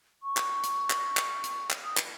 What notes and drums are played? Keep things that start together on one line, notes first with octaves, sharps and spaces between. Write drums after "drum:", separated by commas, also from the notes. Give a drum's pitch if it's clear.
C#6
drum: clap
drum: hi-hat
drum: clap
drum: clap
drum: hi-hat
drum: clap
D#6
drum: clap